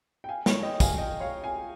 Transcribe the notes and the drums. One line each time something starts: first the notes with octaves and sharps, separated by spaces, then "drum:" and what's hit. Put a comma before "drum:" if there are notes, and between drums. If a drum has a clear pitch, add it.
G5
F5 G#5
A#4 C#5, drum: snare
D#5 G5
F5 G#5, drum: kick, tambourine
D#5 G5
C#5 F5
F5 G#5